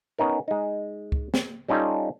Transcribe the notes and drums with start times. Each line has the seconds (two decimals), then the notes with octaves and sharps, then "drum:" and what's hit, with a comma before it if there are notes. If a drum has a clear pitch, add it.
0.18 B3 C#4 D#4 A#4
0.48 G#3 D#4
1.12 drum: kick
1.34 drum: snare
1.68 G3 C#4 D#4 F4 A4